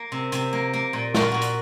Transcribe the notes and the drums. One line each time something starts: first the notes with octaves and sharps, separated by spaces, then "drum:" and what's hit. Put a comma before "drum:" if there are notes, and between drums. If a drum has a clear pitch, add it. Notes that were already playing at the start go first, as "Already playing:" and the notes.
Already playing: A#3
C3
C3, drum: hi-hat
A#3
A#3
A#2
A#2 F#4, drum: snare
F4
A#2 F#4
drum: hi-hat